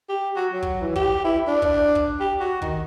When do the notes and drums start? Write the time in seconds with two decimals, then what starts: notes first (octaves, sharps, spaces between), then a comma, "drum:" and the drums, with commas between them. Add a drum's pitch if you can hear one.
0.09 G4
0.36 F#4
0.53 F#3
0.62 drum: kick
0.81 E3
0.96 G4, drum: kick
1.24 E4
1.47 D4
1.62 drum: kick
1.95 drum: kick
2.20 G4
2.40 F#4
2.62 D#3, drum: kick